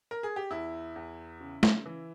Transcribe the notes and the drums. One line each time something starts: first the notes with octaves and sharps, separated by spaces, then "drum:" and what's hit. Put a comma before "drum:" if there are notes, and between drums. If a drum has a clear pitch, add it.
A#4
G#4
G4
E2 E4
E2
C#3
drum: snare A3
E3